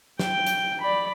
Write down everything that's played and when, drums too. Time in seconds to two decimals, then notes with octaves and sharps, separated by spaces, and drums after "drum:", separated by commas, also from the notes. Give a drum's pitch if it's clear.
0.19 G5, drum: snare
0.47 drum: hi-hat
0.81 D5 B5